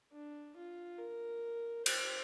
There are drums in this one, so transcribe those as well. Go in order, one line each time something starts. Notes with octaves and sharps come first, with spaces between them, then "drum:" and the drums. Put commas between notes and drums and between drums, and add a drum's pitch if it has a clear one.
D4
F4
A#4
C5, drum: cymbal